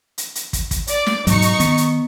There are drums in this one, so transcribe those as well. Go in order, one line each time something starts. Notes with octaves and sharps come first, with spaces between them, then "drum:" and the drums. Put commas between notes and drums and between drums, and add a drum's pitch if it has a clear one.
drum: hi-hat
drum: hi-hat
drum: kick, hi-hat
drum: kick, hi-hat
D5 D6, drum: hi-hat
drum: snare
G#2 B2 F#3 D#4 C#6 C#7, drum: hi-hat
drum: hi-hat
D#3 B3, drum: hi-hat
drum: hi-hat